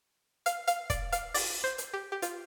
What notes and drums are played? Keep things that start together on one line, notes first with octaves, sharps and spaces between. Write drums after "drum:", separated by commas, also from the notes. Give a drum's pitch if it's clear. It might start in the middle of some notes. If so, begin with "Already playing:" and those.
F5, drum: hi-hat
F5, drum: hi-hat
D5, drum: kick, hi-hat
F5, drum: hi-hat
D5, drum: open hi-hat
C5
drum: hi-hat
G4
G4
F4, drum: hi-hat